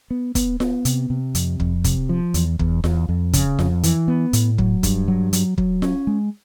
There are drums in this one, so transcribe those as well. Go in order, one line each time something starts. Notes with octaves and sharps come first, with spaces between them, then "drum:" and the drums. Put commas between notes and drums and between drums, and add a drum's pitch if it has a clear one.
B3
B3, drum: kick, hi-hat
B3, drum: snare F4
C3, drum: hi-hat
C3
F2, drum: hi-hat
F2, drum: kick
C3, drum: kick, hi-hat
F3
E2, drum: hi-hat
E2, drum: kick
E2, drum: snare F4
F2
C#3, drum: kick, hi-hat
F2, drum: snare F4
E3, drum: hi-hat
B3
A2, drum: hi-hat
F#3, drum: kick
G2, drum: kick, hi-hat
F#3
F#3, drum: hi-hat
F#3, drum: kick
C#4, drum: snare F4
G#3